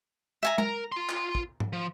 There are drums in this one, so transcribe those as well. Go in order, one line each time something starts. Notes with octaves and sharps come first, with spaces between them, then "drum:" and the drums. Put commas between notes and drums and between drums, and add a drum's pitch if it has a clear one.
E5 G#5 A#5
A#4 A#5, drum: tom
F4 C6
drum: clap
drum: kick
drum: tom G#2
F3